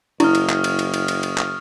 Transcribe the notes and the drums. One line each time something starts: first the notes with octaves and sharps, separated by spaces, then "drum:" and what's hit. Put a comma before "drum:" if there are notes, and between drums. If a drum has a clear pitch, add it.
F#1 E4 C#6 D#6 F6, drum: cymbal
drum: cymbal
drum: clap
drum: cymbal
drum: cymbal
drum: cymbal
drum: cymbal
drum: cymbal
drum: clap